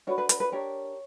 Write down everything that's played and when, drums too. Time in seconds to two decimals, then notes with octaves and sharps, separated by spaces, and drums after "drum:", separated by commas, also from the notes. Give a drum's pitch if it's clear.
0.07 D4 F#4 B4 C#5
0.18 B4
0.29 B4, drum: hi-hat
0.40 B4
0.52 D4 G4 A#4 C#5